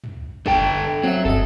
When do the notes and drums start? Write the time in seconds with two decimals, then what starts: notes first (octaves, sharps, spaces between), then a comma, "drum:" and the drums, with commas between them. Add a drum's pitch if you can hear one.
0.04 drum: tom
0.46 D3 A4 G5, drum: kick
1.03 F#3 C4 E5
1.25 G1 A4 D#5